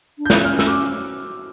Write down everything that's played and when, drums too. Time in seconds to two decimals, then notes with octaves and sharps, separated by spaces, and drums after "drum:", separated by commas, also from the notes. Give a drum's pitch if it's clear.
0.19 D4
0.25 G6
0.30 C#4 F#6, drum: snare
0.45 F6
0.59 E6, drum: snare
0.67 D6